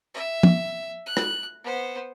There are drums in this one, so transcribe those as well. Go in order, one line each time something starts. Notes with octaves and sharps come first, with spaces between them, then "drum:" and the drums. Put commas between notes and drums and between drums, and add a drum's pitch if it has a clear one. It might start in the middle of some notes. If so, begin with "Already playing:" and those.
E5
drum: tom
F#6
drum: rim click
B3 C5